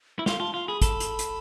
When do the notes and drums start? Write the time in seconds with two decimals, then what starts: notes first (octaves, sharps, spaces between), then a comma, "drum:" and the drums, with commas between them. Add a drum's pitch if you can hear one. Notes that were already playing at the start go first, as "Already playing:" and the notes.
0.19 E4
0.26 F4 F5, drum: snare
0.40 F4 A5
0.54 F4 F5
0.67 G#4 B5
0.82 A4 B5, drum: kick, hi-hat
1.00 drum: hi-hat
1.19 drum: hi-hat